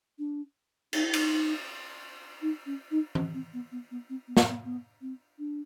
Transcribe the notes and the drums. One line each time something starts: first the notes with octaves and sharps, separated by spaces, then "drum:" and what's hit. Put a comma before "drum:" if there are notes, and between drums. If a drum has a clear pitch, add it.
D4
D#4, drum: cymbal
E4
D#4, drum: cymbal
D#4
C#4
D#4
C#4, drum: tom
C4
B3
B3
B3
C4
B3
drum: snare
B3
B3
C4
D4